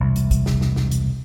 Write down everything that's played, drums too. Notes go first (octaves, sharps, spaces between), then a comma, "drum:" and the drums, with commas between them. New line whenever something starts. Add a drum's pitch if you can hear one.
E1 C2
drum: hi-hat
drum: kick, hi-hat
drum: snare
drum: snare
drum: snare
drum: hi-hat